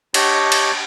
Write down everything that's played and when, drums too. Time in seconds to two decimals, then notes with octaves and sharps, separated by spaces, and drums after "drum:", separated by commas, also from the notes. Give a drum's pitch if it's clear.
0.14 D4 G4 C#5 D#5, drum: cymbal
0.52 drum: cymbal